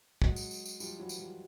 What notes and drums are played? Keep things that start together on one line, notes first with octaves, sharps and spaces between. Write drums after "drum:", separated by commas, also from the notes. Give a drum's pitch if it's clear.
F#3 G#3, drum: kick
drum: tambourine
drum: tambourine
drum: tambourine
F3 G3, drum: tambourine
E3 F#3
drum: tambourine
F3 G3